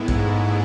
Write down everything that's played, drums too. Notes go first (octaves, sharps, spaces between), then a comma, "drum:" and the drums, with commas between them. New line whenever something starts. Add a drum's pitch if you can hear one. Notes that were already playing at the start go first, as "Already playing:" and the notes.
Already playing: A2 G#3 B3 E4
G#2, drum: kick